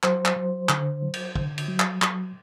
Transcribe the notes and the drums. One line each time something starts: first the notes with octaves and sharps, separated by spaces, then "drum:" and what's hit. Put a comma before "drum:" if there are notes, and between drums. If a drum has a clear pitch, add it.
F#3 C5, drum: clap
drum: clap
F#3
D3, drum: clap
F#3
drum: cymbal
D3, drum: kick
drum: cymbal
F#3
drum: clap
F#3, drum: clap